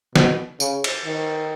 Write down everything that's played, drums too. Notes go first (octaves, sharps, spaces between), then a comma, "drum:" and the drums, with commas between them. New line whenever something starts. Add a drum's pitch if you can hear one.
B2, drum: snare
C#3, drum: tambourine
drum: cymbal
D#3